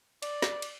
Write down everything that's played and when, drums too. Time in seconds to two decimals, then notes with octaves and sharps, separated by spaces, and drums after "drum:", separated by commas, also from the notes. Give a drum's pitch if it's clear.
0.22 D5, drum: cymbal
0.42 drum: snare
0.62 drum: cymbal